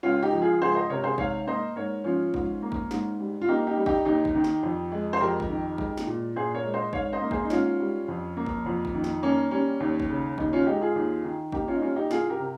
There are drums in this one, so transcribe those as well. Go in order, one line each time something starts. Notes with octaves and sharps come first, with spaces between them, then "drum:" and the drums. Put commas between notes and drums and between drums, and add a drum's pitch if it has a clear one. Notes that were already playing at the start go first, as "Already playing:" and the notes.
C#2 C#4 F4
D#4 G4
F3
F4 G#4
C#2 G#4 C5
C5 D#5
C3 A#4 C#5
G#4 C5
G#2 C#5 F5, drum: kick
A#3 C5 D#5
G#2 A#4 C#5
F3 C#4 F4
G#2, drum: kick
A#3
drum: kick
G#2, drum: snare
G3
F4
A#3 D#4 G4
D#4 G4
G3
D#4 G4, drum: kick
D#2 D#4 G4
drum: kick
D#3
drum: snare
F2
G#3
C5
F2 G4 A#4
drum: kick
D#3
G#3, drum: kick
drum: snare
A#2
A#2 G#4 C5
A#4 C#5
G#3
C5 D#5
G#2 C#5 F5, drum: kick
C5 D#5
A#3
G#4 C5, drum: kick
D#4
G#2 C#4 F4, drum: snare
G3
F2
A#3
drum: kick
F2
drum: kick
D#3
drum: snare
A#3 C#4
G3 C#4
D#2
drum: kick
C#3
D#2 D#4, drum: kick
C#4 F4
G#3 D#4 G4
F4 G#4
D#2
D#3
A#3 D#4 G4, drum: kick
C#4 F4
D#4
G3 C#4 F4
D#4 G4
C2 F4 G#4, drum: snare
G4 A#4
C3